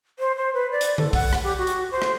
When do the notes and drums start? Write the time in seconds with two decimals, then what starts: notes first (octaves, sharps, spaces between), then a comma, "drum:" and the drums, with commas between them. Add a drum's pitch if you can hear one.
0.19 C5
0.36 C5
0.54 B4
0.71 D5
0.81 drum: hi-hat
0.98 A4, drum: tom D3
1.13 F#5, drum: kick, open hi-hat
1.33 drum: rim click
1.44 G4
1.58 F#4
1.67 drum: hi-hat
1.91 C5
2.02 drum: rim click